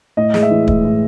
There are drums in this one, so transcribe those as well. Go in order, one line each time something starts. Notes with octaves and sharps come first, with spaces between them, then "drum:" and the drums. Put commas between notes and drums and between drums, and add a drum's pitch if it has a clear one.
A2 D#5
G#3, drum: snare
E5
E3
A2 E5, drum: kick
A2